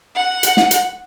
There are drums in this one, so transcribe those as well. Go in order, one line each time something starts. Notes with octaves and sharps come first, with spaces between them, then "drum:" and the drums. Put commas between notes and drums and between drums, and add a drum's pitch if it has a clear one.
F#5
drum: hi-hat
drum: snare
drum: hi-hat